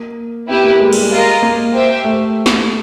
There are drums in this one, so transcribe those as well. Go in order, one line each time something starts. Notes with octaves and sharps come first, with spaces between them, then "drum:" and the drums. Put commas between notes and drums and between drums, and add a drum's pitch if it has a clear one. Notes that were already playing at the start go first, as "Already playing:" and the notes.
Already playing: A#3
B3 E4 G4 B4
A#3
G#3
G3, drum: cymbal
G#3
F4 A#4 D#5
A#3
G4 C5 E5 G5
A3
drum: snare